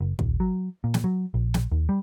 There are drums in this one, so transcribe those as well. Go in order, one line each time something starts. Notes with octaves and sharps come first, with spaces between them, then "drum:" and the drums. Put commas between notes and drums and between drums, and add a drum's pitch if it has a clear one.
F#1
D#1, drum: kick
F#3
A#2
drum: snare
F#3
A#1
drum: snare
D#2
G3